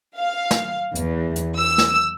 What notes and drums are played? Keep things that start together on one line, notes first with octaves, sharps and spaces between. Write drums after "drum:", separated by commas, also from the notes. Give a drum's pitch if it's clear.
F5
drum: snare
E2, drum: hi-hat
drum: hi-hat
E6
drum: snare